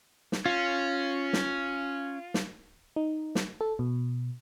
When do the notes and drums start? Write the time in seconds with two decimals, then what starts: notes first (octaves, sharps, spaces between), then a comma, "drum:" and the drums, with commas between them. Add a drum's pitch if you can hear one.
0.32 drum: snare
0.46 C#4 F4
1.33 drum: snare
2.34 drum: snare
2.96 D#4
3.35 drum: snare
3.61 A4
3.79 B2